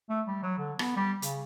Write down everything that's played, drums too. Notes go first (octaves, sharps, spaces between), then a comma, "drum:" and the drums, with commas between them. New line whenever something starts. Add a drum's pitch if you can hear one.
A3
G3
F#3
D3
B3, drum: rim click
G3
C#3, drum: hi-hat